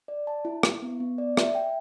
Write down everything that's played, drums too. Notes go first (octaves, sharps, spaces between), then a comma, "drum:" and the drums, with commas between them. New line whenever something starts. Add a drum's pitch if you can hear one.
D5
A5
E4
E4, drum: rim click
B3
B3
D5
E5, drum: rim click
G5